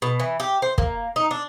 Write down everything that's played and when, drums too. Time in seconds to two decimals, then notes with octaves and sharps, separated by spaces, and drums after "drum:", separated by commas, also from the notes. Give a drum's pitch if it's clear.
0.02 B2
0.20 E3
0.40 G4
0.62 C5
0.78 A#3, drum: kick
1.16 D#4
1.31 D4